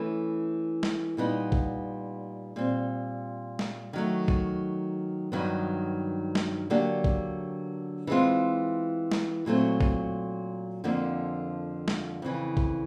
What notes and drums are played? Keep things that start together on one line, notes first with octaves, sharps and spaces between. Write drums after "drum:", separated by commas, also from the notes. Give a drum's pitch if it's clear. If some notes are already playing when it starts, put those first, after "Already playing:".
Already playing: E3 A3 C#4
drum: snare
A#2 G3 B3 D#4
drum: kick
A#2 G3 C4
drum: snare
D#3 F#3 A3
drum: kick
G2 D#3 F#3 B3
drum: snare
D3 F#3 A#3 D4 G4
drum: kick
E3 G#3 C4 F4
drum: snare
A#2 F#3 A3 C4
drum: kick
F2 D3 F3 A#3
drum: snare
F2 C#3 E3
drum: kick